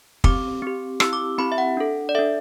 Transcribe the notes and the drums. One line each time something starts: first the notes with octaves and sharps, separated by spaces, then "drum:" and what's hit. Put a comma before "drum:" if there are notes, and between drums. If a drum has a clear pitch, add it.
C4 G4 D6, drum: kick
C4 G4
C4 E4 G4 E6, drum: rim click
D6
C4 E4 G4 B5
E5
F#5
D4 A4
D5
D4 A4 E5